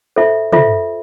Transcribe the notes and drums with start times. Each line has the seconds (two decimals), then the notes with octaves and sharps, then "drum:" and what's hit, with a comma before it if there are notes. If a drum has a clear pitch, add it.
0.16 F4 A4 C5 E5
0.52 F4 A4 C5 E5, drum: tom